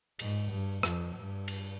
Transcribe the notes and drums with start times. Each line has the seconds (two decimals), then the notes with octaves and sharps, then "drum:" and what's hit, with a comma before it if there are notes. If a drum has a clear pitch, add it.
0.19 G#2, drum: cymbal
0.51 G2
0.83 F2, drum: rim click
1.16 G2
1.48 drum: cymbal